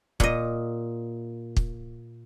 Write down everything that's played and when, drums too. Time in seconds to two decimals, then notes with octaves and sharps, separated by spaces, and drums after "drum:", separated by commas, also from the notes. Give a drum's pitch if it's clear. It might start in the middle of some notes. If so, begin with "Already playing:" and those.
0.20 A#2 D#5, drum: kick
1.57 drum: kick